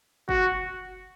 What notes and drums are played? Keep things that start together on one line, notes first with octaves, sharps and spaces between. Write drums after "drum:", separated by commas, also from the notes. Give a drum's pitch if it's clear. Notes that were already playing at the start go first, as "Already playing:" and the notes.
F#4, drum: kick